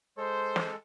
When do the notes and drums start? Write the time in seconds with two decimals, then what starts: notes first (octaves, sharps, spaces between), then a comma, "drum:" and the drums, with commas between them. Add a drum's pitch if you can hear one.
0.17 G#3 A4 C5
0.56 drum: snare